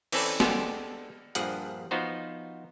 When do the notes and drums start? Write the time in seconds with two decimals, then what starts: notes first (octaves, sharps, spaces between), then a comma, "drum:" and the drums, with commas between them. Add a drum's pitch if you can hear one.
0.12 E3 C4 C#4 A4 B4 D5, drum: cymbal
0.40 G#3 B3 D4 G4 A4, drum: snare
1.35 A#1 G2 F3 G#4 F#5, drum: hi-hat
1.91 F3 B3 D#4 F#4 C5